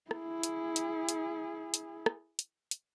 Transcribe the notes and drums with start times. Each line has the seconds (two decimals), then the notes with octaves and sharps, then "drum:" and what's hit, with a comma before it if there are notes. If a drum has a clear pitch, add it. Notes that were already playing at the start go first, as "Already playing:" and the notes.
0.11 E4 G#4, drum: rim click
0.43 drum: hi-hat
0.76 drum: hi-hat
1.09 drum: hi-hat
1.74 drum: hi-hat
2.06 drum: rim click
2.39 drum: hi-hat
2.71 drum: hi-hat